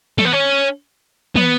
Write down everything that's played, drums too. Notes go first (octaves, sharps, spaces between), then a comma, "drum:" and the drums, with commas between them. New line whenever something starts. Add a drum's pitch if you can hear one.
A3, drum: tom
B3
C#4
B3, drum: tom